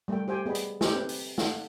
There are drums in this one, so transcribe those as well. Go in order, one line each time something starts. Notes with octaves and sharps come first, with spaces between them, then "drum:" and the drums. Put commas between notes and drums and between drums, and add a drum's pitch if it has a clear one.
G3 A3 A#4 E5 G5
G4 C5 G5 G#5
B3 G#4 D5 D#5 B5
drum: hi-hat
G4 A4 B4 C5 D#5, drum: snare
C4 B4
drum: open hi-hat
A4 F5 F#5, drum: snare